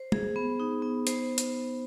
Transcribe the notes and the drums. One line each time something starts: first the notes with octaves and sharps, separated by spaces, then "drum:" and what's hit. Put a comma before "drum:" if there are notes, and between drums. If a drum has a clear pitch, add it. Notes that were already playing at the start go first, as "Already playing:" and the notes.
Already playing: C5
G#4, drum: tom G#3
B3
D#4
B3
C5, drum: hi-hat
drum: hi-hat